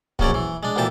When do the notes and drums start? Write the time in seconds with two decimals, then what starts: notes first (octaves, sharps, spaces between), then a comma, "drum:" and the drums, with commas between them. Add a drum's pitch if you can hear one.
0.19 A#1 F#3 C#4 C#5 D5, drum: kick
0.34 E3
0.63 G#3 D4
0.76 D2 A#2 E3 G4 A5